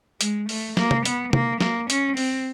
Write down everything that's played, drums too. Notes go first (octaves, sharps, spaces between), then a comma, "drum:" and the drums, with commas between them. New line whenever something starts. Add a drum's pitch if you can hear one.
G#3, drum: hi-hat
A3, drum: open hi-hat
A#3, drum: snare
drum: tom
B3, drum: hi-hat
A#3, drum: tom
A#3, drum: snare
C#4, drum: hi-hat
C4, drum: open hi-hat